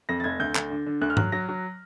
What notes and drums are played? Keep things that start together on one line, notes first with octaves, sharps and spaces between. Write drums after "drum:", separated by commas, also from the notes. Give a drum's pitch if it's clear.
F2 A#6
A6
F1 G#6
D2 G6
D2, drum: clap
D3
D3
D2 F#6
F6
F#3 F#6, drum: tom G#2
F#3 A#6
F#3